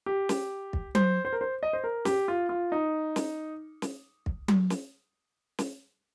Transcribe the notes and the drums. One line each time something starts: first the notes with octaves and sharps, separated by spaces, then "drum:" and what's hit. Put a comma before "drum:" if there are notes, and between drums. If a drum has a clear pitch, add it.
G4
drum: snare
drum: kick
C5, drum: tom F#3
C5
A#4
C5
D#5
C5
A#4
G4, drum: snare
F4
F4
D#4
drum: snare
drum: snare
drum: kick
drum: tom F#3
drum: snare
drum: snare